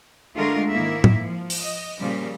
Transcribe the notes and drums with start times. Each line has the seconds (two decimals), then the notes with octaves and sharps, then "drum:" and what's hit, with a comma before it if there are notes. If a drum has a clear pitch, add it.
0.34 D3 G#3 A3 D4 F4 A#4
0.71 G#2 D#3 A#3 E4 E5
1.04 drum: tom
1.21 F3
1.50 drum: open hi-hat
1.61 D#5
1.98 A#2 C#3 F3 G3